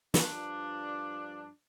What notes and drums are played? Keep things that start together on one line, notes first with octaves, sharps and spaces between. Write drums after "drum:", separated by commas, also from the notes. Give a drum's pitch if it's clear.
G2 F3 D4, drum: snare